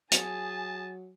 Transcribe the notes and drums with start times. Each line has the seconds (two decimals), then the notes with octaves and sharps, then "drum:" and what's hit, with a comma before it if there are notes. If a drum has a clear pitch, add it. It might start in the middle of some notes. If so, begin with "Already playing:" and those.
0.12 F#3 G#4 G#5 A5, drum: hi-hat